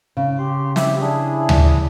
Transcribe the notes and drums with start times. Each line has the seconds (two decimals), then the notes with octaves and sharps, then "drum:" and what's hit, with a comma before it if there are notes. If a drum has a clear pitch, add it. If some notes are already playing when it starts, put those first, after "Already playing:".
0.17 C#3
0.38 G4 C6
0.76 E4 G4 E5, drum: snare
1.01 D4 E4 G#4
1.49 drum: tom D2